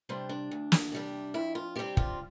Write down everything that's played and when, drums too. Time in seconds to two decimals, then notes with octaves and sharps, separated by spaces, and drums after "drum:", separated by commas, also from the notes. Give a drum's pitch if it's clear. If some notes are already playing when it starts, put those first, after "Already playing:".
0.09 C3 G3 D4 C5
0.29 D4
0.51 D2
0.72 drum: snare
0.92 C3 G3 D4
1.34 F2 E4
1.55 F4
1.75 C3 G3 C4 G4
1.97 F4, drum: kick